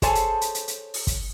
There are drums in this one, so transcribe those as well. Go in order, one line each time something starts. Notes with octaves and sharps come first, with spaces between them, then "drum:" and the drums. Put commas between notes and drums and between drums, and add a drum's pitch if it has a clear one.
G#4 A4 C5 C#5 G#5 A5, drum: kick, hi-hat
drum: hi-hat
drum: hi-hat
drum: hi-hat
drum: hi-hat
drum: open hi-hat
drum: kick, hi-hat